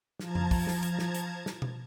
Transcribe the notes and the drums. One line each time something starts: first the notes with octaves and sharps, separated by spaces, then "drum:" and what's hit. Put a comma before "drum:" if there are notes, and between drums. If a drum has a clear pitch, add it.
F3 A5 A#5 G#6, drum: snare
drum: tom F2
drum: kick, open hi-hat
drum: snare
drum: hi-hat
drum: snare
drum: hi-hat
drum: snare
drum: tom B2